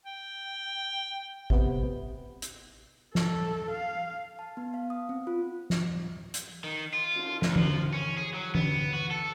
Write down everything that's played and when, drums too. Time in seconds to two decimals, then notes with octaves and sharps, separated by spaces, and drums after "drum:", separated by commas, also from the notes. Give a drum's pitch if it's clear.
0.05 G5
1.50 C3 B3, drum: kick
2.42 drum: hi-hat
3.15 A4, drum: snare
3.71 F5
4.39 A5
4.57 B3
4.74 F5
4.90 D#6
5.09 C4
5.27 F4
5.70 drum: snare
6.34 drum: hi-hat
6.64 D#3
6.94 F4
7.15 drum: cymbal
7.42 D2, drum: snare
7.56 F3, drum: tom E3
7.93 C#4
8.17 G#4
8.34 F#3
8.55 B3, drum: tom E3
8.93 F#4
9.11 A4